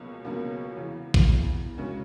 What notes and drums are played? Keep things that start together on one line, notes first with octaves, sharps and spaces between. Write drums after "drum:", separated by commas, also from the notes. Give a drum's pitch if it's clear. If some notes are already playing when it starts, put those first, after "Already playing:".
Already playing: C#2 B2 F#3 A#3 C#4
C#2 B2 F#3 A#3 C#4
E2 C#3 E3
drum: kick
E2 C#3 E3
C#3 G#3 C#4 F#4